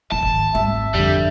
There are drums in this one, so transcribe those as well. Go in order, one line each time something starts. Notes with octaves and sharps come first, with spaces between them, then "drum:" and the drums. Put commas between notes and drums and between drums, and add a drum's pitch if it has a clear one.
G#2 D#3 A5
drum: kick
G#1 E5, drum: tom G3
F2 D3 G3